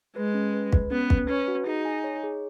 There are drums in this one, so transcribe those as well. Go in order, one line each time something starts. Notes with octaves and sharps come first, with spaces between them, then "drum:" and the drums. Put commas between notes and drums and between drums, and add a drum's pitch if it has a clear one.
G#3 B4
C#4
B4
B4, drum: kick
B3 C#4
B4, drum: kick
C#4 B4
F#4
D#4 G#4
G#5
C#5
G#4